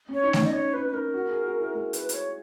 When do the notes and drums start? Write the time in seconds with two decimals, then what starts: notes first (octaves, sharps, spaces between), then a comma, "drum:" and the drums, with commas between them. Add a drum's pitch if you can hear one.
0.09 C#4
0.14 C#5
0.23 D#4
0.33 C#5, drum: snare A3
0.38 D#4
0.46 D#5
0.53 C#4 C#5
0.73 D#4 B4
0.88 B4
0.93 D#4 A#4
1.14 F#4
1.28 G#4
1.43 F#4
1.58 E4
1.73 G#3 A#4
1.93 B4, drum: hi-hat
2.09 B4, drum: hi-hat
2.13 C#5